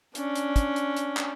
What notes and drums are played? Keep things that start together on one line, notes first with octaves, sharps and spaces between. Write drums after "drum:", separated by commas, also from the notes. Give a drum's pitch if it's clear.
C#4 D4, drum: hi-hat
drum: hi-hat
drum: kick, hi-hat
drum: hi-hat
drum: hi-hat
drum: clap